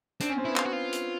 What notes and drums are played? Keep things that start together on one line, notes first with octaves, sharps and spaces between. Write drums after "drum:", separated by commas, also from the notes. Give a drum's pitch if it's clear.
C4 D4, drum: hi-hat
C#4
C4
B3 E4
F4, drum: clap
F#4
F4
drum: hi-hat